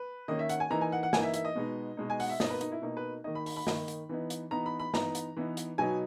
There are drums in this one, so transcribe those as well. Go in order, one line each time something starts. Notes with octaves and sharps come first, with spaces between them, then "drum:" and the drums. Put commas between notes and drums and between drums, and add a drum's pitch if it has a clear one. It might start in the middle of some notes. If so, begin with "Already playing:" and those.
Already playing: B4
D#3 A#3 C#4 D#5
E5
F#5, drum: hi-hat
G#5
E3 A#3 D#4 A#5
G#5
F#5
F#5
E3 A#3 D#4 G#5, drum: snare
E5
E5, drum: hi-hat
D#5
B2 G#3 B3 D#4
B2 G#3 B3 D#4
G#5
F#5, drum: open hi-hat
E5
B2 A#3 D#4 D#5, drum: snare
B4
D#4, drum: hi-hat
E4
B2 A#3 D#4
B4
D#3 A#3 D#4 D#5
B5
B5, drum: open hi-hat
B5
D#3 A#3 D#4, drum: snare
drum: hi-hat
E3 B3 D#4
drum: hi-hat
E3 B3 D#4 A#5
B5
B5
E3 B3 D#4 A#5, drum: snare
drum: hi-hat
E3 B3 D#4
drum: hi-hat
B2 F#3 B3 D#4 G#5